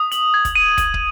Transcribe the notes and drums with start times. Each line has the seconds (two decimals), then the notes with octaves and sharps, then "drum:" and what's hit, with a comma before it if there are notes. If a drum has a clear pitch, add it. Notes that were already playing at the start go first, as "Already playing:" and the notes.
Already playing: D#6
0.12 F#7, drum: hi-hat
0.34 G#6
0.45 drum: kick, hi-hat
0.56 D#7
0.78 D#7, drum: kick, hi-hat
0.94 drum: kick